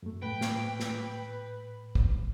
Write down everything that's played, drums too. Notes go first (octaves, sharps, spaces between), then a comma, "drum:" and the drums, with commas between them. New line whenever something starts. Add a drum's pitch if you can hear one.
F#2 A3
A2 B4 G5
drum: snare
drum: snare
drum: kick